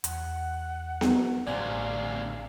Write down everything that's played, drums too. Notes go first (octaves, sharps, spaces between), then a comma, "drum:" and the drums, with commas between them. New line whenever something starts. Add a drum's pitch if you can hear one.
E2 F#5, drum: hi-hat
drum: snare B3
A1 D2 C3 D5 F5 G#5 D6